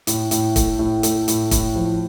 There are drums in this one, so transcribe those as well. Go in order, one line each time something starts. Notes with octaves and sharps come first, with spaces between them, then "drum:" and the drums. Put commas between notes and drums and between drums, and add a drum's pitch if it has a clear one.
A2, drum: hi-hat
A2, drum: hi-hat
A3, drum: kick, hi-hat
A2
A3, drum: hi-hat
A2, drum: hi-hat
A2, drum: kick, hi-hat
F3